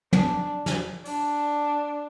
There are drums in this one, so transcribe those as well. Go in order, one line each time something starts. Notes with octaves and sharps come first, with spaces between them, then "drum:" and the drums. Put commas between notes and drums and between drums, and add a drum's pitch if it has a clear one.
D4, drum: tom
drum: snare
D4, drum: open hi-hat